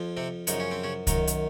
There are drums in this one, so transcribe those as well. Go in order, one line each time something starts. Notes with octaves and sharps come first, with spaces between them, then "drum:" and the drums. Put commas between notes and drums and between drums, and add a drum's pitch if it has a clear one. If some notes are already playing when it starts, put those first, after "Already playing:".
Already playing: F2 F3
C3 C4
F#2 C#3 F3 D#4, drum: hi-hat
C#4
C4
C#3 C#4
F#2 D#3 D#4, drum: kick C2, hi-hat
drum: hi-hat